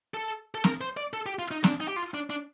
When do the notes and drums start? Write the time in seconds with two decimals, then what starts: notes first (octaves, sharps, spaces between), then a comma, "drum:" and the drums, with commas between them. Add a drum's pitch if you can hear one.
0.14 A4
0.55 A4
0.64 A#4, drum: snare
0.81 C5
0.97 D5
1.13 A4
1.26 G4
1.39 F4
1.51 D#4
1.64 D4, drum: snare
1.80 D#4
1.88 G4
1.96 F4
2.14 D4
2.30 D4